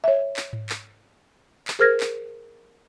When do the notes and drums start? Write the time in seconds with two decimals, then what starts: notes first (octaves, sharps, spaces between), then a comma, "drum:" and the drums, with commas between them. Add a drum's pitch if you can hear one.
0.04 C#5 E5
0.37 drum: clap
0.53 drum: tom G#2
0.69 drum: clap
1.68 drum: clap
1.79 G#4 A#4 C5 F6 G#6 A#6
2.00 drum: clap